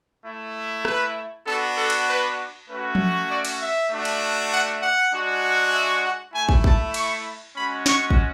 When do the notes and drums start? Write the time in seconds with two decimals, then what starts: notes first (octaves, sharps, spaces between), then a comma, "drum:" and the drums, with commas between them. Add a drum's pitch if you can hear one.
0.23 A3 E4
0.85 B4, drum: rim click
1.45 B3 D4 F#4 A4
1.77 A4
1.90 drum: cymbal
2.06 B4
2.67 A3 C#4 F#4 B4
2.95 drum: tom F3
3.28 D5
3.45 drum: cymbal
3.58 E5
3.89 A3 D4 F#4
4.05 drum: cymbal
4.51 F#5
4.81 F#5
5.11 G#3 D4 F#4
5.72 E5
6.03 F#5
6.33 A3 E4 G#5
6.49 drum: kick
6.64 A5, drum: kick
6.94 C#6, drum: cymbal
7.56 G#3 C#4 F#4 B5
7.86 C#6, drum: snare
8.10 drum: kick